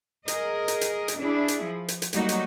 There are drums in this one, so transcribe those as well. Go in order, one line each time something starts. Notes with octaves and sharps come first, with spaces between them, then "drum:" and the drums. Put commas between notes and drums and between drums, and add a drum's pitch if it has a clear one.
G#4 A#4 D#5, drum: hi-hat
drum: hi-hat
drum: hi-hat
drum: hi-hat
D4 E4 G#4
drum: hi-hat
F3
drum: hi-hat
drum: hi-hat
F#3 G3 A3 A#3 D#4 F#4, drum: hi-hat
drum: hi-hat